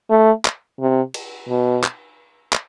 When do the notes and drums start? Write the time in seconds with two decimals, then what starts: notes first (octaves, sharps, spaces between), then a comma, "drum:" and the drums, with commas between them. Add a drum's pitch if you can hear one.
0.10 A3
0.45 drum: clap
0.80 C3
1.14 drum: cymbal
1.49 B2
1.84 drum: clap
2.53 drum: clap